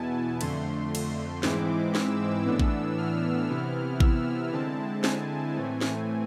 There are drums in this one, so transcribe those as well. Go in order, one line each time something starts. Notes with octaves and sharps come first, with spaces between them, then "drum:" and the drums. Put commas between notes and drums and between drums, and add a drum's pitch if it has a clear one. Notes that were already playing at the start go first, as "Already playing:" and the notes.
Already playing: E2 B2 B3 E4 G#5 A5
F2 D3 A3 C6, drum: cymbal
drum: cymbal
G#2 E3 G#3 C4 E4 D6, drum: snare
E6, drum: snare
A2 E3 B3 D4
drum: kick A1
F6
C3 E3 B3 E4
E6, drum: kick A1
D3 G#3 C4 E4 A5
G#5, drum: snare
A2 E3 A3 C4
drum: snare